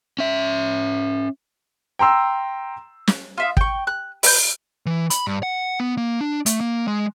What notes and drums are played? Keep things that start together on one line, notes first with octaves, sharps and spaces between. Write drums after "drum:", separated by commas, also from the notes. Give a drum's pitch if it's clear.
C#4 E5
G5 A#5 C6 E6
drum: snare
F4 E5 D#6
G5 C#6, drum: kick
F#6
B4 A#5 G6, drum: open hi-hat
E3
B5, drum: hi-hat
G2
F#5
B3
A#3
D4
A3, drum: hi-hat
A#3
G#3